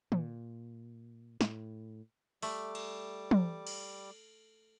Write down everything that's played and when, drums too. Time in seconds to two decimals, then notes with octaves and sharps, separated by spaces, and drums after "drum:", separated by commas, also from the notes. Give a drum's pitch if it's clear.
0.12 A#2, drum: tom
1.41 A2, drum: snare
2.42 G3 A3 D6, drum: open hi-hat
2.75 drum: cymbal
3.31 drum: tom
3.67 drum: cymbal